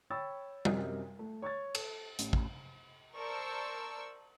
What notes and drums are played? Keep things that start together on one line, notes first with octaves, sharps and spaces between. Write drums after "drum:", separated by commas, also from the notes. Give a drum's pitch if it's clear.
C#5 G5 B5 C#6 E6 A6
F#2 C3 A#4 D#5, drum: tom G3
A3
C#5 C#6 G#6 A6
A4, drum: cymbal
A1, drum: hi-hat
drum: kick
A#4 C5 D5 A5 C#6 E6